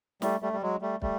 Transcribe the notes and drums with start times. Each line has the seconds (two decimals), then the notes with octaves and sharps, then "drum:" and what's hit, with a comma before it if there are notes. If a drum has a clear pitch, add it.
0.22 G3 A3, drum: snare
0.42 G3 A3
0.53 G3
0.62 F#3 G#3
0.82 G3 A3
1.02 G3 A3, drum: kick